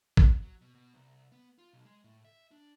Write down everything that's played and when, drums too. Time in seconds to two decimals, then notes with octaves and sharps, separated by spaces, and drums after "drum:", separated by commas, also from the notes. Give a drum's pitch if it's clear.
0.17 B2, drum: kick
0.42 F#3
0.61 B2
0.75 B2
0.94 C2
1.32 B3
1.58 F4
1.73 B1
1.85 G#3
2.04 A2
2.25 E5
2.51 D4